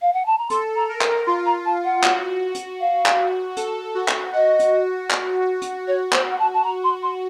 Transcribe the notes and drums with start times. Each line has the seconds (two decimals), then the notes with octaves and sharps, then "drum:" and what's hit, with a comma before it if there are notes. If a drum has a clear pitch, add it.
0.00 F5
0.13 F#5
0.26 A5
0.38 A#5
0.50 A4 C6, drum: hi-hat
0.76 A#5
0.89 A#4
1.01 drum: clap
1.26 F4 C6
1.46 A#5
1.65 A5
1.84 F#5
2.04 F#4, drum: clap
2.55 drum: hi-hat
2.80 F5
3.06 drum: clap
3.57 A4, drum: hi-hat
3.95 F#4
4.08 drum: clap
4.33 F#4 D#5
4.59 drum: hi-hat
5.11 drum: clap
5.62 drum: hi-hat
5.87 F#4 C#5
6.12 C5, drum: clap
6.31 F#5
6.39 A5
6.53 A5
6.64 A#5
6.84 C6
7.02 C6